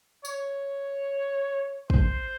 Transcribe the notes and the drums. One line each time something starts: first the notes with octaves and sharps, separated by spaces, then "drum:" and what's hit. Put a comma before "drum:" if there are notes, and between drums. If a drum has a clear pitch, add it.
C#5, drum: tambourine
C5, drum: kick